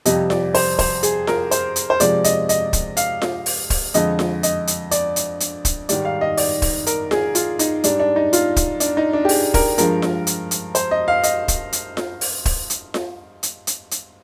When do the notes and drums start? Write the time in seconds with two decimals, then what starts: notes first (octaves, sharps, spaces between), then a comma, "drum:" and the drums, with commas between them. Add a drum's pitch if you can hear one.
0.05 F2 C3 G3 D#5, drum: hi-hat
0.30 D5, drum: snare F4
0.55 C5, drum: open hi-hat
0.79 C5, drum: kick, open hi-hat
1.03 G#4, drum: hi-hat
1.27 A#4, drum: snare F4
1.51 C5, drum: hi-hat
1.76 drum: hi-hat
1.90 C5
2.00 C3 F3 G#3 D5, drum: hi-hat
2.24 D#5, drum: hi-hat
2.49 D#5, drum: hi-hat
2.73 drum: kick, hi-hat
2.97 F5, drum: hi-hat
3.22 drum: snare F4
3.46 drum: open hi-hat
3.70 drum: kick, open hi-hat
3.94 F2 D3 G#3 D#5, drum: hi-hat
4.19 drum: snare F4
4.43 D#5, drum: hi-hat
4.67 drum: hi-hat
4.91 D5, drum: hi-hat
5.16 drum: hi-hat
5.40 drum: hi-hat
5.65 drum: kick, hi-hat
5.89 G#2 D#3 G3 D5, drum: hi-hat
6.05 F5
6.21 D#5
6.37 D5, drum: open hi-hat
6.62 drum: kick, open hi-hat
6.87 A#4, drum: hi-hat
7.11 G#4, drum: snare F4
7.35 F4, drum: hi-hat
7.59 D#4, drum: hi-hat
7.84 G#2 G3 D4, drum: hi-hat
8.00 D4
8.16 D#4
8.33 F4, drum: hi-hat
8.56 drum: kick, hi-hat
8.80 D4, drum: hi-hat
8.97 D#4
9.13 D4
9.25 G4
9.29 G#4, drum: open hi-hat
9.54 A#4, drum: kick, open hi-hat
9.78 G2 F3 G#3 A#4, drum: hi-hat
10.02 drum: snare F4
10.27 drum: hi-hat
10.51 drum: hi-hat
10.75 C5, drum: hi-hat
10.91 D#5
11.08 F5
11.23 D#5, drum: hi-hat
11.48 drum: kick, hi-hat
11.73 drum: hi-hat
11.97 drum: snare F4
12.21 drum: open hi-hat
12.45 drum: kick, open hi-hat
12.70 drum: hi-hat
12.94 drum: snare F4
13.43 drum: hi-hat
13.67 drum: hi-hat
13.91 drum: hi-hat